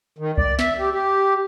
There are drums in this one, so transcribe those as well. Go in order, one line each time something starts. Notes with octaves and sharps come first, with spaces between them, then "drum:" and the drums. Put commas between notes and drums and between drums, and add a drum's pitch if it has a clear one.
D#3
D5, drum: kick C2
E5, drum: snare
G4
G4